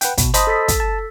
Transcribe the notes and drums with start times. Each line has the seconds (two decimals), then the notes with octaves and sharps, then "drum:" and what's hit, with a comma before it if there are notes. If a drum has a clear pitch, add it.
0.01 B4 F#5 G5, drum: hi-hat
0.18 B2, drum: kick, hi-hat
0.34 C5 D#5 A5 B5 D#6, drum: hi-hat
0.47 A4 A6 B6
0.68 drum: kick, hi-hat
0.80 A5